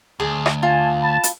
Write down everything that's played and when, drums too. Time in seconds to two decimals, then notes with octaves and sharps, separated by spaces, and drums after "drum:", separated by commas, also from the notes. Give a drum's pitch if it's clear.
0.20 D2 G#4
0.46 drum: rim click
0.63 F4 G#5 A5
1.02 A5 B5
1.23 drum: hi-hat